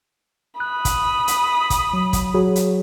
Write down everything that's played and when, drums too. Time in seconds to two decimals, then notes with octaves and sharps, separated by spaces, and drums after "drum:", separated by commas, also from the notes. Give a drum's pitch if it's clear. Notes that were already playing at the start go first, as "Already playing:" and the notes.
0.60 B5 D#6 F#6
0.85 drum: kick, hi-hat
1.28 drum: hi-hat
1.70 drum: kick, hi-hat
1.93 F#3
2.13 drum: kick, hi-hat
2.34 F#3 F#4 G#4
2.56 drum: hi-hat